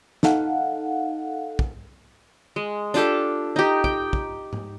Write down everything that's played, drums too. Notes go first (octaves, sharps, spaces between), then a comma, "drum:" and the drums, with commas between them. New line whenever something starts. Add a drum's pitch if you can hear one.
D#4 A4 F5 F#5, drum: snare
drum: kick
G#3
D4 F4 G4 A4, drum: hi-hat
D#4 G4
G5, drum: kick
drum: kick
drum: tom G#2